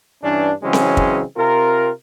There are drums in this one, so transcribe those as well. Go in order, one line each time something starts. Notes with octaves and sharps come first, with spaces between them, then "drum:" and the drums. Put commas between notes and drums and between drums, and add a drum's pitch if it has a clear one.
G2 E3 C#4 D4
C#3 E3 F#3 G#3 C4 C#4
drum: snare C4
drum: kick
C3 C4 F4 A#4